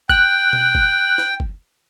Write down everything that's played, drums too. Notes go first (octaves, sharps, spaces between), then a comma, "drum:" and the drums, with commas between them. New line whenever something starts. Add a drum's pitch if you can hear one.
G5 F#6, drum: kick F#1
drum: tom B2
drum: kick F#1
drum: snare
drum: kick F#1